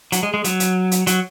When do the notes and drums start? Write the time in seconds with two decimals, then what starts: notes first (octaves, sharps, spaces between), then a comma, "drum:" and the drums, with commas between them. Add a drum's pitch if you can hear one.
0.12 F#3, drum: hi-hat
0.23 G#3
0.34 G#3
0.44 F#3, drum: hi-hat
0.60 drum: hi-hat
0.91 drum: hi-hat
1.07 F#3, drum: hi-hat